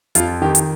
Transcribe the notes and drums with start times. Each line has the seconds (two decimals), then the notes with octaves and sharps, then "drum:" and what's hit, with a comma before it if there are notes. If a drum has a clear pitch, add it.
0.15 F2 F4, drum: hi-hat
0.42 D#3 G4
0.55 drum: hi-hat